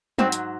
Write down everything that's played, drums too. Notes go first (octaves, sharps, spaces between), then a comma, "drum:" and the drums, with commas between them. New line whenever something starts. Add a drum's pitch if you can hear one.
G#2 F#3 C4, drum: tom
drum: hi-hat